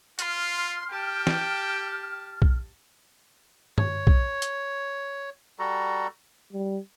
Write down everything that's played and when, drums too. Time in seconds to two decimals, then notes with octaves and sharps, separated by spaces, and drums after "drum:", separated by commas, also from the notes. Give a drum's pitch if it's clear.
0.19 F4 C6 F6, drum: hi-hat
0.90 G4 G5 A5
1.27 drum: snare
2.42 drum: kick B1
3.78 C#5, drum: tom G2
4.07 drum: kick B1
4.42 drum: hi-hat
5.59 G3 F#4 A4 A#5
6.53 G3